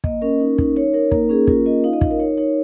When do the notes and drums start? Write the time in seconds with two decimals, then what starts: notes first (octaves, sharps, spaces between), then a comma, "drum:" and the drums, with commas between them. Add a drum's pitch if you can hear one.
0.04 A#3 D#5, drum: kick
0.22 C#4 A#4
0.40 D#4
0.58 D#4, drum: kick
0.76 D#4 C#5
0.93 D#4 A#4
1.11 A#3 A#4, drum: kick
1.29 C#4 G#4
1.47 F4 A#4, drum: kick
1.66 F4 D#5
1.84 D#4 F5
1.93 D#5
2.01 D#4, drum: kick
2.11 A#4
2.19 D#4 C#5
2.38 D#4 C#5